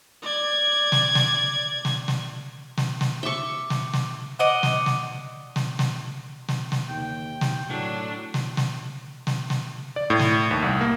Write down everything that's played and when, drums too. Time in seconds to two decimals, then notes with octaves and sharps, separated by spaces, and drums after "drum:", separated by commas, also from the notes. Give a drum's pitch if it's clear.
0.22 D5 G#6
0.92 drum: snare
1.15 drum: snare
1.85 drum: snare
2.08 drum: snare
2.77 drum: snare
3.01 drum: snare
3.23 E5 C#6 D6 G7
3.70 drum: snare
3.93 drum: snare
4.39 D5 D#5 F#5
4.63 drum: snare
4.86 drum: snare
5.56 drum: snare
5.79 drum: snare
6.49 drum: snare
6.72 drum: snare
6.89 D#2 G5
7.41 drum: snare
7.68 A2 F#3 D4
8.34 drum: snare
8.57 drum: snare
9.27 drum: snare
9.50 drum: snare
9.96 D5
10.10 A2
10.20 drum: snare
10.51 D#2
10.62 C2
10.81 A#3